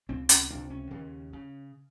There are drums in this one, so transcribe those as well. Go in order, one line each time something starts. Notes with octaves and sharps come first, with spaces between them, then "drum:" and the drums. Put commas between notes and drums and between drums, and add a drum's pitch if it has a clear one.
C#2 C3 C4
C#4, drum: hi-hat
C#2 C3 D4
C#4
D#2 C#3
C#3